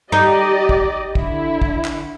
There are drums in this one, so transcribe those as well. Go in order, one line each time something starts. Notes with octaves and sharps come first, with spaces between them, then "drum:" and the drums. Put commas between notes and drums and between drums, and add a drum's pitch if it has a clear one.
D#4 G4 D5 D#5
drum: kick
D3 E4, drum: kick
drum: kick
drum: clap